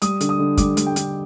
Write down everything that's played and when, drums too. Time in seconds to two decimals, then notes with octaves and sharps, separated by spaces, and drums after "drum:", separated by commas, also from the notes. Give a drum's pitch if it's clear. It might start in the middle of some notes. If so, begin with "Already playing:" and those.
0.02 G3 D#6, drum: hi-hat
0.21 D3, drum: hi-hat
0.29 D#6
0.39 D3
0.57 G3 D6, drum: kick, hi-hat
0.77 G3, drum: hi-hat
0.86 G5
0.96 D3, drum: hi-hat